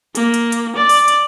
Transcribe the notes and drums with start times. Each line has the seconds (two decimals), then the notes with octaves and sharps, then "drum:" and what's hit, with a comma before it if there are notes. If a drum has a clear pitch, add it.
0.15 A#3, drum: hi-hat
0.34 drum: hi-hat
0.52 drum: hi-hat
0.76 D5
0.89 drum: open hi-hat
1.08 drum: hi-hat